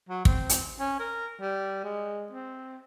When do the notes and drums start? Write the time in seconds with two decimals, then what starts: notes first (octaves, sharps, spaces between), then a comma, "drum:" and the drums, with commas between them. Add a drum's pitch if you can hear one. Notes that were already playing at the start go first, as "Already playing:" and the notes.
0.09 F#3
0.25 C4, drum: kick
0.49 drum: hi-hat
0.79 C#4
1.00 A#4
1.41 G3
1.84 G#3
2.32 C4